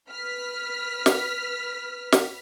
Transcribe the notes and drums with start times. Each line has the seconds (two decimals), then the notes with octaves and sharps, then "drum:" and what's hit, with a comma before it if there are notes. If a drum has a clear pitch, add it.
0.10 B4 F6 B6
1.06 drum: snare
2.12 drum: snare